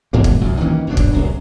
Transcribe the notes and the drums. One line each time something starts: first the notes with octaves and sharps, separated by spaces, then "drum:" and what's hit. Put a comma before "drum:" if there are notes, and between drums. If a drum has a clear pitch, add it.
G#2 B2 E3 A#3
drum: kick
C2 F#2 A#2 F#3
D#3 E3 A#3 C#4
F#1 B2 F#3 D4
drum: kick
D1 C2 F#2 F#3